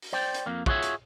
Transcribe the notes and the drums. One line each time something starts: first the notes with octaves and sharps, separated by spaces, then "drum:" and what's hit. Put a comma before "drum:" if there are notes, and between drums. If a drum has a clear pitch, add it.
drum: open hi-hat
C5 D5 G5
drum: hi-hat
F2 A#3
F4 F#4 G#4 C#5 E5, drum: kick
drum: hi-hat